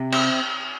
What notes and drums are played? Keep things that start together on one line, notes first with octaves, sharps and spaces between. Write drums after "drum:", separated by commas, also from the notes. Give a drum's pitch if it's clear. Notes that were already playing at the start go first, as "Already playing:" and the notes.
Already playing: C3
C4 E5, drum: cymbal